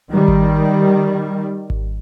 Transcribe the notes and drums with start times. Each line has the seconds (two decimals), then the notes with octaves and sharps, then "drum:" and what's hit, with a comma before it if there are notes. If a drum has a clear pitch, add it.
0.10 D#3 G3
0.28 drum: kick G#1
1.70 drum: kick G#1